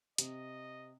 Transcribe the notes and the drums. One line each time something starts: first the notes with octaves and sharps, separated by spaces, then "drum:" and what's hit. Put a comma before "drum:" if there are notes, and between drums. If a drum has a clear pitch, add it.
C3 D#5, drum: hi-hat